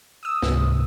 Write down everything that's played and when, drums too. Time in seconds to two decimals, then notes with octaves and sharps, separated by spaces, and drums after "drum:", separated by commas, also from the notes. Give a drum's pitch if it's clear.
0.23 D#6 E6
0.42 C#2 G#2 C3, drum: snare